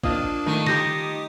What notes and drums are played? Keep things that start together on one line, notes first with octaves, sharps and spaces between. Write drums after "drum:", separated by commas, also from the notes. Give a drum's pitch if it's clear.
A#3 D4 F4 D#5, drum: kick
D#3 A3
G4 C6 D#6 G6 A#6, drum: snare